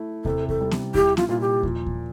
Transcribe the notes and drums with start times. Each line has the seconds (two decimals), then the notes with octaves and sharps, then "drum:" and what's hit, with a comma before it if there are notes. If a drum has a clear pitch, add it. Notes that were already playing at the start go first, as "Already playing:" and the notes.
Already playing: A3 E4
0.25 C3 A4, drum: kick D#2
0.49 A4, drum: kick D#2
0.60 G3
0.71 drum: snare
0.94 E4 G4, drum: kick D#2
1.17 F4, drum: snare
1.29 A#2 F4
1.41 G4
1.63 F3, drum: kick D#2
1.86 drum: kick D#2